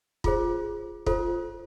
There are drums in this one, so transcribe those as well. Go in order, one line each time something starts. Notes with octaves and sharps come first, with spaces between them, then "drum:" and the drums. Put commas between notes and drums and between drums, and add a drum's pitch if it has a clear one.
F4 G#4 C5, drum: kick
F4 A4 C5, drum: kick